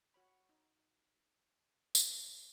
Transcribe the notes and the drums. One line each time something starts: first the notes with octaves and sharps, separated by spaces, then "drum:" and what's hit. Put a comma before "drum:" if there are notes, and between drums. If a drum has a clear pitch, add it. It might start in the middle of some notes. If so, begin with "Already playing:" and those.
F#4 C#5 B5
D#4
D4 G#5 C6 E6, drum: tambourine